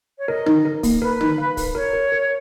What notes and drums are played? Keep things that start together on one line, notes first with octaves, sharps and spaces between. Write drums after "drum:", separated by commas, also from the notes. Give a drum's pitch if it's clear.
C#5
A#4 D#5
D#4, drum: tom
A#4
A#3, drum: kick, open hi-hat
A#4 B4
D#4, drum: tom
F5
A#4, drum: kick, open hi-hat
A#4 C#5
A#4
A#4